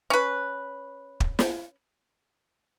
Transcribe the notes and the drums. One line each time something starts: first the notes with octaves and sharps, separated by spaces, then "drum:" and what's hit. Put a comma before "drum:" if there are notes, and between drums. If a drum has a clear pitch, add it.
C#4 B4
drum: kick
drum: snare